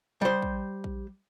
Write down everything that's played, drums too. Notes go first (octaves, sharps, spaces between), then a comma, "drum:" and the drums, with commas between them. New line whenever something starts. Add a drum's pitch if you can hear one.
G3 C5
drum: kick A#1
drum: kick A#1